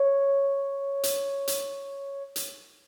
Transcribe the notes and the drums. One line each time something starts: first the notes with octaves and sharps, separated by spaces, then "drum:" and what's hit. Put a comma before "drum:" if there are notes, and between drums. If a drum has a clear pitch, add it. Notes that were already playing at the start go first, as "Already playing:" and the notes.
Already playing: C#5
drum: hi-hat
drum: hi-hat
drum: hi-hat